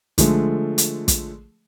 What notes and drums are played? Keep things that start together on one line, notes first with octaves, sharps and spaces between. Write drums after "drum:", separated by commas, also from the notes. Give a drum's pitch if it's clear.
D3 F3 G#3 A3, drum: kick, hi-hat
drum: hi-hat
drum: kick, hi-hat